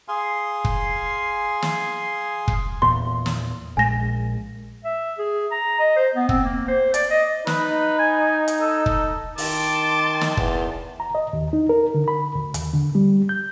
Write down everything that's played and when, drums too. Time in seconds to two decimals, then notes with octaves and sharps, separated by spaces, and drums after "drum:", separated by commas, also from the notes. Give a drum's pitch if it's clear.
0.08 G#4 F5 G#5 C6
0.65 drum: kick
1.62 drum: snare
2.48 drum: kick
2.82 E2 A#2 C6
3.26 drum: snare
3.77 A#1 A#2 G#3 G#5 A#6
4.85 E5
5.18 G#4
5.51 A#5
5.79 D#5
5.96 C5
6.15 B3
6.29 C4, drum: kick
6.45 A#3
6.68 C5
6.94 D5, drum: hi-hat
7.10 D#5
7.47 D#4 B4, drum: snare
7.99 G#5
8.48 drum: hi-hat
8.61 A4
8.86 drum: kick
9.38 D#3 A5 C6 D6, drum: open hi-hat
10.21 drum: snare
10.37 E2, drum: kick
11.00 A#5
11.15 D#5
11.33 D#2
11.53 D#4
11.69 A#4
11.94 D3
12.08 B5
12.35 D2
12.54 D#2, drum: hi-hat
12.74 D3
12.95 G3
13.29 G6